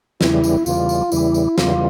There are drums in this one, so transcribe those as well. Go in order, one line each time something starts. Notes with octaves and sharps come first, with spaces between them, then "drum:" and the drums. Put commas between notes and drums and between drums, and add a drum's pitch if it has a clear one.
E2 C#3 E3 G3 E4, drum: snare
drum: tambourine
E2 C#3 E3 G3 F4, drum: tambourine
drum: tambourine
E2 C#3 E3 G3 E4, drum: tambourine
drum: tambourine
E2 C#3 E3 G3 F4, drum: snare